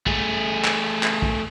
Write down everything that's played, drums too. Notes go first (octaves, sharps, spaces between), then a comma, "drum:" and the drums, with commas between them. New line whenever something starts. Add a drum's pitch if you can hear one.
A3 G#4, drum: kick
drum: clap
drum: clap
drum: kick